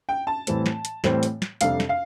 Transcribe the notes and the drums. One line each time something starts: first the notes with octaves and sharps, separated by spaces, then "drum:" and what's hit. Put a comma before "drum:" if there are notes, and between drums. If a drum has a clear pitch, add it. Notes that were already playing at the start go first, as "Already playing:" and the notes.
G5
A5
A2 E3 G3 C4, drum: hi-hat
drum: snare
drum: hi-hat
A2 E3 G3 C4, drum: snare
drum: hi-hat
drum: snare
F2 C3 G3 D4 A4 F5, drum: hi-hat
drum: snare
F5